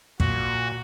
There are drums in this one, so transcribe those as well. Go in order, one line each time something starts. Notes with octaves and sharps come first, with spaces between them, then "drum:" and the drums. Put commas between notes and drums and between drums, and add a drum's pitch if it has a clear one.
A#2 F#4, drum: kick